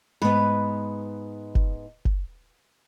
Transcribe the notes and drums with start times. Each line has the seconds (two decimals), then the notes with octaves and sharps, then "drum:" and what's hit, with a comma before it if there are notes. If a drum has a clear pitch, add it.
0.22 G#2 B3 B4
1.55 drum: kick F#1
2.05 drum: kick F#1